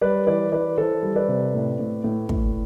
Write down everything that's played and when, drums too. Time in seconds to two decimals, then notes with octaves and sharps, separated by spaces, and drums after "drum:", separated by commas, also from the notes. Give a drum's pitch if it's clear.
0.01 G3 B4 D5
0.27 E3 B4 D5
0.52 E3 B4 D5
0.77 E3 A4 C5
1.03 G3
1.16 B4 D5
1.28 C3
1.54 A2
1.79 A2
2.04 A2
2.29 A2, drum: kick